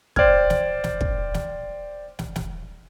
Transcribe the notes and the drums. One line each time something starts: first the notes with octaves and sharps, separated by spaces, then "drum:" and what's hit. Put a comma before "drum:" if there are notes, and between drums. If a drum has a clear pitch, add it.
C5 D5 G5 F6 G#6, drum: kick
drum: snare
drum: snare
drum: kick
drum: snare
drum: snare
drum: snare